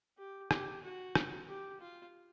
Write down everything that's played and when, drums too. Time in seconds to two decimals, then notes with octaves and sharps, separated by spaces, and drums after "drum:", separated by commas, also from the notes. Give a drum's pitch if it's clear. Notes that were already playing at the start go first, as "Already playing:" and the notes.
0.18 G4
0.51 G4, drum: rim click
0.83 F#4
1.15 drum: rim click
1.48 G4
1.81 F4